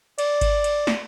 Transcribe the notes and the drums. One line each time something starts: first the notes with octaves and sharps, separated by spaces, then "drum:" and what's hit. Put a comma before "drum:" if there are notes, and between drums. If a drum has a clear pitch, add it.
D5, drum: cymbal
drum: kick G#1, cymbal
drum: cymbal
drum: snare